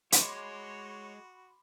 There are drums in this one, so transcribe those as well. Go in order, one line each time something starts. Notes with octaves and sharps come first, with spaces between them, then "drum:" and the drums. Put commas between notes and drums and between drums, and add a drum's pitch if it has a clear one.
G#3 F#4 C#5 B5 C6 D6, drum: hi-hat